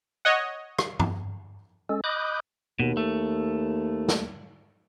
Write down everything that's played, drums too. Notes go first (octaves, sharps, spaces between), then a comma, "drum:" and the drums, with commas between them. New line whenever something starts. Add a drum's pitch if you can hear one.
C#5 D#5 F#5
drum: rim click
drum: tom G2
G#3 C#4 A4
D#5 B5 D6 D#6 F#6 G6
D#2 B2
A3
drum: snare